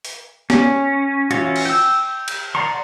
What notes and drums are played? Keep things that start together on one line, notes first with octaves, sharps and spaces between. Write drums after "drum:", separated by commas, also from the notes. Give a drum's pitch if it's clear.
drum: open hi-hat
C#4, drum: snare
E3 C#4 F4 F#4, drum: hi-hat
drum: cymbal
G5 E6
drum: cymbal
D5 F#5 A#5 C6 C#6